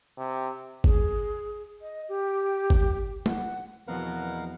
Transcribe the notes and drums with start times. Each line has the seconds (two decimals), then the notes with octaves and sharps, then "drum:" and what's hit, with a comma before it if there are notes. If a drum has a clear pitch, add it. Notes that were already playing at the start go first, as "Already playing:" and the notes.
0.17 C3
0.84 G#4, drum: kick G#1
1.81 D#5
2.09 G4
2.70 drum: kick G#1
3.26 F#5, drum: tom
3.88 E2 B2 F3 C4 A#4 B4 F5 F#5